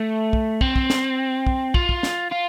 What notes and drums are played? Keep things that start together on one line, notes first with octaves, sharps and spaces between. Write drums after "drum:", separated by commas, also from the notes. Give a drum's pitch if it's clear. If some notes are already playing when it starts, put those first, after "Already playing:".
Already playing: A3
drum: kick
C4, drum: kick
drum: kick
drum: snare
drum: kick
F4, drum: kick
drum: kick
drum: snare
F4